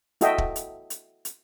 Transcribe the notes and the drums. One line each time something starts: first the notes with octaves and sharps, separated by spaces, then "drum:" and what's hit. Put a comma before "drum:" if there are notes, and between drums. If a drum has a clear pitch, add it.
E4 F#4 A4 D#5 E5 G5, drum: hi-hat
drum: kick
drum: hi-hat
drum: hi-hat
drum: hi-hat